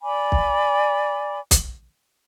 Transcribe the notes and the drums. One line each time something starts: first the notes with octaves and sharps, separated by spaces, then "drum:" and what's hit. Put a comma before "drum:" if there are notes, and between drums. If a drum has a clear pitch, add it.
D5 G#5 B5 D6
drum: kick B1
drum: kick B1, hi-hat